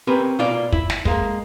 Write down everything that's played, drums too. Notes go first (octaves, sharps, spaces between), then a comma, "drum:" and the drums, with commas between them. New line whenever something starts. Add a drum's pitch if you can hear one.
C4 C#4 G4 A#4 B4
B2 A#3 F4 A#4 D5
E4, drum: kick
drum: snare
G#3 A#3, drum: kick